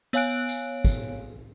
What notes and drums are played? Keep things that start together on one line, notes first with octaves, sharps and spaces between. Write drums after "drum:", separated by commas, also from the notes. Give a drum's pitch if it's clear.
B3 C#5 F5 G#5 F#6 D7, drum: tambourine
drum: tambourine
drum: kick, tambourine